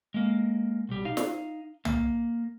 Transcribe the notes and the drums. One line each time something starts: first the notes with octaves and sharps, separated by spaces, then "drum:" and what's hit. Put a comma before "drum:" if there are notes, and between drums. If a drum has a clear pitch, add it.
G#3 A#3
B1 G3
D#4 F5
drum: snare
A#3, drum: tom